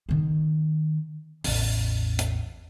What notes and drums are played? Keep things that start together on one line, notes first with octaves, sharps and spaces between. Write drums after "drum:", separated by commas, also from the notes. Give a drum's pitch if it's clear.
D#3 B3
A1 E2, drum: open hi-hat
drum: hi-hat